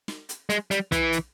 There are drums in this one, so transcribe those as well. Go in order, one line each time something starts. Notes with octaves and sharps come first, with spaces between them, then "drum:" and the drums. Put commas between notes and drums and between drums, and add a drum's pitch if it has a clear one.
drum: snare
drum: hi-hat
G#3, drum: hi-hat
G3, drum: hi-hat
E3, drum: kick, hi-hat
drum: hi-hat